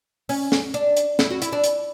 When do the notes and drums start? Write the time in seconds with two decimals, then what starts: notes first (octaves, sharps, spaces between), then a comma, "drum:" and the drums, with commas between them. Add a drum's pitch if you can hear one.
0.29 C#4, drum: open hi-hat
0.52 drum: snare
0.74 D4, drum: hi-hat
0.97 drum: hi-hat
1.19 E4, drum: snare
1.30 F#4
1.42 E4, drum: hi-hat
1.52 D4
1.64 drum: hi-hat